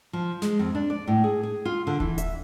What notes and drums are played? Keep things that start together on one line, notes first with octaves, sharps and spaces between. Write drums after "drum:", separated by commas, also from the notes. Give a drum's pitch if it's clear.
F3
G#3, drum: snare
F2
D4
D5
A2
G#4
G#4
F4
D3
E3, drum: kick D#1
E5, drum: hi-hat